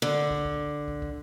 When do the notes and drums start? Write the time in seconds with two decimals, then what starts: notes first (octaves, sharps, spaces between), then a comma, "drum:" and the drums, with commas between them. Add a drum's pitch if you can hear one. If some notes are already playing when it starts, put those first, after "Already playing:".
0.02 D3
0.31 drum: kick
0.45 drum: kick
0.88 drum: kick
1.02 drum: kick